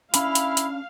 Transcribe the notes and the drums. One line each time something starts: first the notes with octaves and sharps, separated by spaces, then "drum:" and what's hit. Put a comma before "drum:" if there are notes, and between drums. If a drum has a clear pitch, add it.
C#4 D4 E4 F5 G#5 B5, drum: hi-hat
drum: hi-hat
drum: hi-hat